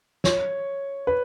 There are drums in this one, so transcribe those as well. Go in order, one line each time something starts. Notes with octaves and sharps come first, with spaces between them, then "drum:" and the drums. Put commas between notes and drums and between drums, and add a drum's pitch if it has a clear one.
C#5, drum: snare
B4